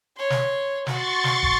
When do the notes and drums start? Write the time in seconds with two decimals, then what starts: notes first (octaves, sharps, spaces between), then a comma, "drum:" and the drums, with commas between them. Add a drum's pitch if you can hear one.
0.17 C#5 C6
0.30 drum: snare
0.87 F#4 C6 C#6 A6, drum: snare
1.24 drum: snare
1.43 drum: kick